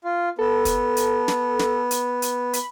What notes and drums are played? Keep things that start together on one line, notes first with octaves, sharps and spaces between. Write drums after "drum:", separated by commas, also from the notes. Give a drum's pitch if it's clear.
F4
B3 A4
drum: kick, hi-hat
drum: hi-hat
drum: snare
drum: snare
drum: hi-hat
drum: hi-hat
B5, drum: hi-hat